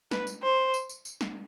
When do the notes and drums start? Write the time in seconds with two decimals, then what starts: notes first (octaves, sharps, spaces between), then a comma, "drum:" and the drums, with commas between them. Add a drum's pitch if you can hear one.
0.11 B4, drum: snare
0.27 drum: tambourine
0.42 C5
0.74 drum: tambourine
0.89 drum: tambourine
1.05 drum: tambourine
1.21 drum: snare